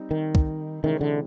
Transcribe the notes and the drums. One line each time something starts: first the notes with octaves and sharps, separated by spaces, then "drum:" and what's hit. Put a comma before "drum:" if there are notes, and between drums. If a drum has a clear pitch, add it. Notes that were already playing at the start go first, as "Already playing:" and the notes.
Already playing: G3 C4 D#4
D#3
drum: kick
C3 D#3 E3 G#3 C#4 E4
D3